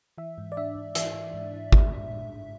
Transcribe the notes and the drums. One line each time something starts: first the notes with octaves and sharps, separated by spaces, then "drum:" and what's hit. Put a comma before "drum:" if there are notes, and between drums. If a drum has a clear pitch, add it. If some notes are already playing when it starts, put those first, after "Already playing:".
E3 E5
G#2
D5
D4 E5
G#2
E3 E5, drum: hi-hat
E3
G#2
E3
G#3, drum: kick G#1
D4
D4
G#2